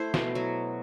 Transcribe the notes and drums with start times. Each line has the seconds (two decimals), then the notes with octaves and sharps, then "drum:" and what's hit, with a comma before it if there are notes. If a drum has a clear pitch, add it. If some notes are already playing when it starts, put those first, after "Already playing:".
Already playing: A3 E4 C5
0.14 B2, drum: snare
0.35 F#3